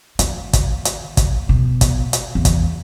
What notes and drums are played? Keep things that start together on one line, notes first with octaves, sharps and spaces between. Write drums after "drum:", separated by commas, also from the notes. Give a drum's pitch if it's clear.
D#3, drum: hi-hat
drum: kick, hi-hat
drum: hi-hat
drum: kick, hi-hat
B2
drum: kick, hi-hat
drum: hi-hat
E2
drum: kick, hi-hat